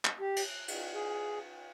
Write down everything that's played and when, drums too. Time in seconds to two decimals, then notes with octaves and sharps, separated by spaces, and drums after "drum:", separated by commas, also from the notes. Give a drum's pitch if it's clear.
0.05 drum: clap
0.20 G4
0.36 drum: cymbal
0.68 drum: cymbal
0.94 G#4